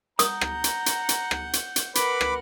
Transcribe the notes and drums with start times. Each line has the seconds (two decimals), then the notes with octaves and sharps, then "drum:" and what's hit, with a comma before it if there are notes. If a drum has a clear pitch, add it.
0.19 F#5 A#5 D#6 G6, drum: hi-hat
0.41 drum: rim click
0.64 drum: hi-hat
0.86 drum: hi-hat
1.09 drum: hi-hat
1.31 drum: rim click
1.53 drum: hi-hat
1.76 drum: hi-hat
1.95 A#4 B4 F#5 B5 D6, drum: hi-hat
2.21 drum: rim click